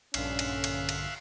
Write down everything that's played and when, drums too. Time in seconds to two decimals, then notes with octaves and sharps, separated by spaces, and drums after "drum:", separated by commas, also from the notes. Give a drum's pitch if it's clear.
0.14 A#1 G2 D3 C#4 E5 F5 F#6, drum: cymbal
0.39 drum: cymbal
0.64 drum: cymbal
0.89 drum: cymbal